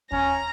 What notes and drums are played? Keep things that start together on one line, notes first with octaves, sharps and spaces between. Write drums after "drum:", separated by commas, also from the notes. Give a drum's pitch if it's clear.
C#4 A#5, drum: kick D#2